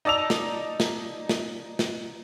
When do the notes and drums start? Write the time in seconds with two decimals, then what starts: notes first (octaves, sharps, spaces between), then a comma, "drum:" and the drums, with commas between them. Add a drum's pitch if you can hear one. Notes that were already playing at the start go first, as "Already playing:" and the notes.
0.05 D#4 D5 A5 E6 F7
0.30 drum: snare
0.80 drum: snare
1.29 drum: snare
1.79 drum: snare